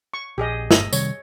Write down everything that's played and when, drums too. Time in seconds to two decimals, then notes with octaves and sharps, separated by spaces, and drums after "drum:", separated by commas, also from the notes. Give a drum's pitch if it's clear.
0.14 C#6
0.38 A#1 G4 G#4 D#5
0.71 G1 D#5 E6, drum: snare
0.93 C3 D#3 G3 C#5, drum: tambourine